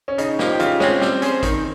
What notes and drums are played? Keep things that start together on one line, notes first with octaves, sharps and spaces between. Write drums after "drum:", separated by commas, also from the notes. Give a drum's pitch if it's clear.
C#4
C#3 D#4, drum: hi-hat
F3 A#3 G4, drum: snare
G4
C#3 F4, drum: hi-hat
G#3 C4 C#4, drum: snare
G3 C4, drum: snare
C#4 G#4 C5, drum: hi-hat
D#3, drum: kick, hi-hat